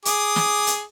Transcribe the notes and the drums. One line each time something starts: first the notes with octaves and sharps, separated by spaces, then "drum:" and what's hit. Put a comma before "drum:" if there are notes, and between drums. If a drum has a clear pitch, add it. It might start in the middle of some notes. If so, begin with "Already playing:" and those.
G#4 D6 D#6, drum: hi-hat
drum: snare
drum: hi-hat